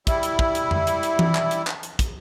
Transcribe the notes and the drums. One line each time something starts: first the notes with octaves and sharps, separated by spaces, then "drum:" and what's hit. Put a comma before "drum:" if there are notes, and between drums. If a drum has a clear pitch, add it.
G3 E4, drum: kick, hi-hat
drum: hi-hat
drum: kick
drum: hi-hat
drum: tom F2
drum: hi-hat
drum: hi-hat
drum: tom E3
drum: clap
drum: hi-hat
drum: clap
drum: hi-hat
drum: kick, hi-hat